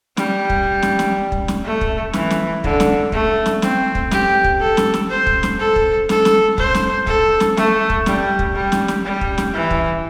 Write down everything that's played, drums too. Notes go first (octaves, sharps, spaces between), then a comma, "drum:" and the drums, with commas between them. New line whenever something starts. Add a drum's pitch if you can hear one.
G3, drum: snare
drum: kick
drum: snare
drum: snare
drum: kick
drum: snare
A3
drum: kick
E3, drum: snare
drum: snare
D3, drum: kick
drum: snare
A3, drum: kick
drum: snare
C4, drum: snare
drum: kick
G4, drum: snare
drum: kick
A4
drum: snare
drum: snare
C5
drum: kick
drum: snare
A4
drum: kick
A4, drum: snare
drum: snare
C5, drum: kick
drum: snare
A4, drum: kick
drum: snare
A3, drum: snare
drum: kick
G3, drum: snare
drum: kick
G3
drum: snare
drum: snare
G3
drum: kick
drum: snare
E3
drum: kick